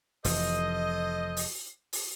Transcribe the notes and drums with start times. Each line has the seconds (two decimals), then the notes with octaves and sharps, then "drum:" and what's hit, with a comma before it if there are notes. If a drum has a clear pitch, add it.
0.24 F1 F2 E3 A4 C5 D#5, drum: open hi-hat
1.37 drum: open hi-hat
1.93 drum: open hi-hat